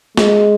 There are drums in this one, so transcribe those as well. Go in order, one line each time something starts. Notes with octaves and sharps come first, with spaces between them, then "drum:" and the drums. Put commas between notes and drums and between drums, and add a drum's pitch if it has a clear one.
G#3, drum: snare